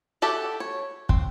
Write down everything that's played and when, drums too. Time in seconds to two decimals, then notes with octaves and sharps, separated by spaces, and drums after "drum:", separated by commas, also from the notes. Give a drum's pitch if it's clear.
0.22 F#4 G4 A4 E5 A5
0.60 C#5
1.09 C4, drum: kick